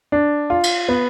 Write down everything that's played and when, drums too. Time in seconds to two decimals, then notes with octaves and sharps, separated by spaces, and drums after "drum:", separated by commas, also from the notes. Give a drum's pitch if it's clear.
0.12 D4
0.50 F4
0.63 drum: cymbal
0.89 B3